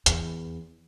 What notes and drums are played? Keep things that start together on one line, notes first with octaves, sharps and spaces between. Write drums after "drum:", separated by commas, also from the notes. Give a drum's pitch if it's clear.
E2, drum: hi-hat